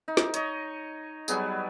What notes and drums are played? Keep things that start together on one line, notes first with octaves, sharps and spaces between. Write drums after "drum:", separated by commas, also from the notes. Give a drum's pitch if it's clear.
D#4
drum: snare
C#5 D#5, drum: hi-hat
F#3 G3 B3 G#4, drum: tambourine